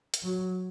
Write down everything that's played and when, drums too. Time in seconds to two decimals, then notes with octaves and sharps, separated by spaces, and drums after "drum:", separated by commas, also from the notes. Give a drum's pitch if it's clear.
0.14 drum: hi-hat
0.23 F#3